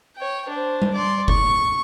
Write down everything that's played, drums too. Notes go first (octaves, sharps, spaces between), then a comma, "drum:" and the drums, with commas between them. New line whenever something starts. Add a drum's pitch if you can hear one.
C#5 G5
D4 C5
drum: tom G3
D5 C6
C#6, drum: kick F#1